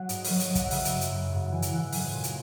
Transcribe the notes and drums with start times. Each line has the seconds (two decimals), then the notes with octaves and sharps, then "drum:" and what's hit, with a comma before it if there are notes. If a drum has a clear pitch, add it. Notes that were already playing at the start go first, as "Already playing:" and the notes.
Already playing: F#3 F#5
0.09 G#2 D#5, drum: hi-hat
0.25 C#5, drum: open hi-hat
0.30 F#3
0.40 D#5, drum: hi-hat
0.50 F#3
0.55 F#5, drum: kick, hi-hat
0.65 E5
0.71 C#3 D#5, drum: open hi-hat
0.85 E5, drum: hi-hat
0.91 F#2
1.01 drum: hi-hat
1.11 F#2
1.31 G#2 F#5
1.52 E3 G#5
1.62 drum: hi-hat
1.72 E3 F#5
1.93 F#3 G#5, drum: open hi-hat
2.13 A#2
2.24 drum: hi-hat